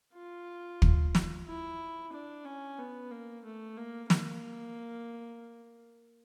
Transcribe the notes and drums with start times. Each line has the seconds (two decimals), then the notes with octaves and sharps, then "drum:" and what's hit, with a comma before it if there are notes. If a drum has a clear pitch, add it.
0.13 F4
0.82 drum: kick
1.15 drum: snare
1.46 E4
2.12 D4
2.45 C#4
2.78 B3
3.11 A#3
3.44 A3
3.77 A#3
4.10 A#3, drum: snare